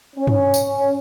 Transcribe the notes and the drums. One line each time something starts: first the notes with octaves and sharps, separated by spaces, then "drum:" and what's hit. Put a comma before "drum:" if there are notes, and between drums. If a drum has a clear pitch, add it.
C#4
drum: tom G2
drum: tambourine